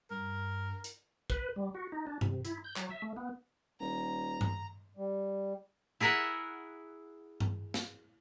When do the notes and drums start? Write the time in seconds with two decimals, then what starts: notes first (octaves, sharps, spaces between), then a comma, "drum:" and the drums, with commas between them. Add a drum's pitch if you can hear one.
0.10 G2 A#4
0.84 drum: hi-hat
1.30 B4, drum: kick
1.56 G3
1.75 F#4
1.92 D#4
2.07 D4
2.21 C3, drum: tom G2
2.45 E4, drum: hi-hat
2.64 G6
2.76 F#3, drum: clap
2.90 E5
3.02 A3
3.17 B3
3.80 D#1 A#5
4.41 drum: tom G2
4.97 G3
6.00 E4 G#4 A#4 E5 F#5
7.40 drum: tom G2
7.74 drum: snare